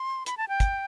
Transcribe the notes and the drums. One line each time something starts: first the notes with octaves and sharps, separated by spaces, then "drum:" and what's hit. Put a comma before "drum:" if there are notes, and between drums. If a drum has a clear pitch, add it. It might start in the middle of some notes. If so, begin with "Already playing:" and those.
Already playing: C6
B5, drum: hi-hat
A5
G5
drum: kick, hi-hat